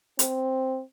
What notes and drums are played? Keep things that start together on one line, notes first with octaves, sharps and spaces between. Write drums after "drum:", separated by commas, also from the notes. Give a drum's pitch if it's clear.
C4, drum: hi-hat